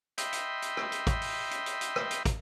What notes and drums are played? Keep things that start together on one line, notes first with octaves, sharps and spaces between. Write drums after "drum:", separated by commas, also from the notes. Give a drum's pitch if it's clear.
D#5 E5 G5 B5 C6, drum: hi-hat
drum: hi-hat
drum: hi-hat
drum: rim click
drum: hi-hat
drum: kick, hi-hat
drum: open hi-hat
drum: hi-hat
drum: hi-hat
drum: hi-hat
drum: rim click
drum: hi-hat
drum: kick, hi-hat